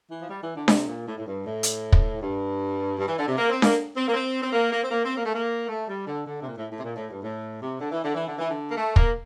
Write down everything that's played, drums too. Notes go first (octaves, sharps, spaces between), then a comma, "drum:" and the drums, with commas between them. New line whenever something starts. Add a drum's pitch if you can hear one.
E3
F3
G3
E3
D3
C3, drum: snare D4
A#2
A2
A2
G2
A2
drum: hi-hat
drum: kick
G2
G2
E3
D3
C3
A#3
C4
A#3, drum: snare D4
C4
A#3
C4
C4
A#3
A#3
C4
A#3
C4
A#3
A3
A#3
A3
G3
D3
D3
C3
A#2
A2
A2
C3
A#2
A2
G2
A2
C3
D3
E3
D3
E3
D3
E3
D3
A#3
A3
A#3, drum: kick